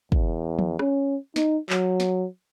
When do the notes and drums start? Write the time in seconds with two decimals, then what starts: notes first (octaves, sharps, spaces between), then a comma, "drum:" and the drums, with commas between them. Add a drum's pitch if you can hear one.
0.12 E2, drum: kick
0.59 drum: tom F3
0.79 C#4, drum: rim click
1.36 D#4, drum: snare
1.70 F#3, drum: clap
2.00 drum: snare